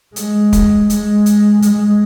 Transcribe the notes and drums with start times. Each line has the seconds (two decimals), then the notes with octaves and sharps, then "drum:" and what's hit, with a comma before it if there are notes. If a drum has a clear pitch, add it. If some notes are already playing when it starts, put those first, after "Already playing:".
0.16 G#3, drum: hi-hat
0.53 drum: kick, hi-hat
0.90 G#3, drum: hi-hat
1.26 drum: hi-hat
1.62 G#3, drum: hi-hat